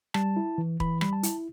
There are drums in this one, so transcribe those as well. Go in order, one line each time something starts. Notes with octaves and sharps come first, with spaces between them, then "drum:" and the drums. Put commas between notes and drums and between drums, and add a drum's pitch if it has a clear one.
G3 A5, drum: rim click
E4
E3
E3 B5, drum: kick E1
G3 B5, drum: rim click
A5
E4, drum: hi-hat